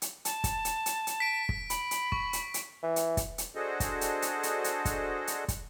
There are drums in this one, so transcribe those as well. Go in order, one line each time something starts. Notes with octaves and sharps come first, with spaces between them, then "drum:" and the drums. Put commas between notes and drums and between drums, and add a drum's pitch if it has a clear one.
drum: hi-hat
A5, drum: hi-hat
drum: kick, hi-hat
drum: hi-hat
drum: hi-hat
drum: hi-hat
B6 D7
drum: kick
B5, drum: hi-hat
drum: hi-hat
C#6, drum: kick
drum: hi-hat
drum: hi-hat
E3
drum: hi-hat
drum: kick, hi-hat
drum: hi-hat
D4 F#4 G#4 A4 C5 D#5
drum: kick, hi-hat
drum: hi-hat
drum: hi-hat
drum: hi-hat
drum: hi-hat
drum: kick, hi-hat
drum: hi-hat
drum: kick, hi-hat